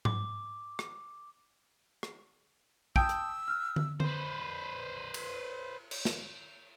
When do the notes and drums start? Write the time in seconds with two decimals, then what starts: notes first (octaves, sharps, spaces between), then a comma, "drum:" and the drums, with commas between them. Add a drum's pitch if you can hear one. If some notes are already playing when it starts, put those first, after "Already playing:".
0.05 D6, drum: tom G#2
0.79 drum: rim click
2.03 drum: rim click
2.96 G5 A5 D#6 E6, drum: kick
3.09 drum: hi-hat
3.48 F6 F#6
3.76 drum: tom D3
4.00 B4 C5, drum: tom D3
5.14 drum: cymbal
5.91 drum: cymbal
6.05 drum: snare